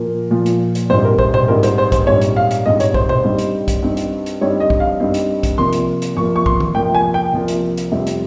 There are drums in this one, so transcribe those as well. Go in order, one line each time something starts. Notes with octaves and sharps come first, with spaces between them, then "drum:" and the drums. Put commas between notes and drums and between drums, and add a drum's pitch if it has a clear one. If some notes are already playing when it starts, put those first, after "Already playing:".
Already playing: A#2 F3 A#3 F4
A#2 F3 A#3 F4
drum: hi-hat
drum: hi-hat
A#1 G#2 G3 C4 C5
A#4
C5, drum: kick
C5, drum: tom B2
A#1 G#2 G3 C4 A#4
C5, drum: hi-hat
C5
C5, drum: kick, hi-hat
A#1 G#2 G3 C4 C#5
drum: hi-hat
F5
drum: hi-hat
A#1 G#2 G3 C4 D#5
C#5, drum: hi-hat
C5, drum: kick
C5, drum: tom B2
G2 G3 C4 D#4
drum: hi-hat
drum: kick, hi-hat
G2 G3 C4 D#4
drum: hi-hat
drum: hi-hat
G2 G3 C4 D#4 C#5
D#5
drum: kick
F5
G2 G3 C4 D#4
drum: hi-hat
drum: kick, hi-hat
C2 C3 F3 A#3 C6
drum: hi-hat
drum: hi-hat
C2 C3 F3 A#3 C#6
C#6
C6, drum: kick
drum: tom
C2 C3 F3 A#3 G5
G#5
G5
C2 C3 F3 A#3
drum: hi-hat
drum: hi-hat
F2 C3 G3 C4
drum: hi-hat